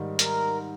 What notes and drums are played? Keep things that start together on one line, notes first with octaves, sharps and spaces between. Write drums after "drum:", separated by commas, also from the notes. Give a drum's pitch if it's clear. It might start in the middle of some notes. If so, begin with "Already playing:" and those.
Already playing: G#2 D#3 G3
A#4, drum: hi-hat